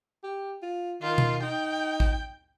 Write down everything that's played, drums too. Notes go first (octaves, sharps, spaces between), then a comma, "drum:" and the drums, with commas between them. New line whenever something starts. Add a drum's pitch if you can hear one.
G4
F4
D#3 F4
drum: tom B2
D#4 G5
drum: kick A1